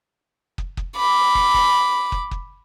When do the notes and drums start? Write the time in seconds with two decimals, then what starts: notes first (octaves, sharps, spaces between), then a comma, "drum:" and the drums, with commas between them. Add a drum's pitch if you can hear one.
0.58 drum: kick
0.77 drum: kick
0.97 B5 D6
1.35 drum: kick
1.54 drum: kick
2.12 drum: kick
2.31 drum: kick